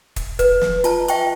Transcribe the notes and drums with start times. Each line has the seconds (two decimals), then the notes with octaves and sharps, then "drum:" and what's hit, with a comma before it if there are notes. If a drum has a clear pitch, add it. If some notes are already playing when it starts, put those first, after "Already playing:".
0.16 drum: kick, hi-hat
0.39 B4, drum: kick, hi-hat
0.61 drum: snare
0.84 F4 A5 A#5, drum: hi-hat
1.08 E5 G5 C#6, drum: hi-hat